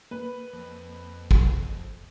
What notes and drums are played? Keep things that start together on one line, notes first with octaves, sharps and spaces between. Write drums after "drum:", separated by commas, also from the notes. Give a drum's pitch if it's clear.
A#3 B4
F2
drum: kick